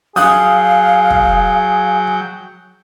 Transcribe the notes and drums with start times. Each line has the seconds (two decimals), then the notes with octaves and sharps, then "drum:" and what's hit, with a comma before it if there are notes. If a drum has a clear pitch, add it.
0.16 F#3 G#4 F5 G5 D#6 F#6, drum: open hi-hat
1.10 drum: kick